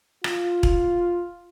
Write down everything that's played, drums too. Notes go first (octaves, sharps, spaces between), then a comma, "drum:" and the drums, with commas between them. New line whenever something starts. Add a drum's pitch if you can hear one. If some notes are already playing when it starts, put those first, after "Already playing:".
F4, drum: rim click
drum: kick E1